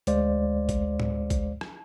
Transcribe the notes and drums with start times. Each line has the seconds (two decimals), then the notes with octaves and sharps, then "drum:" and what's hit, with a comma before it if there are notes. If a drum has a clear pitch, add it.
0.07 D2 G#3 C5 D5 F5, drum: hi-hat
0.69 drum: kick, hi-hat
1.00 drum: tom A2
1.30 drum: kick, hi-hat
1.61 drum: rim click